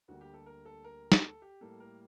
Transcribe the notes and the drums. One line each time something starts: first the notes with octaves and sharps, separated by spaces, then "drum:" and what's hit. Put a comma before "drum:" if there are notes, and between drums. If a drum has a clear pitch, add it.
D2 D3 G3 A#3 F#4
G4
A4
A#4
A4
A#4
drum: snare
A4
G4
A2 G3 A#3 A4
A#4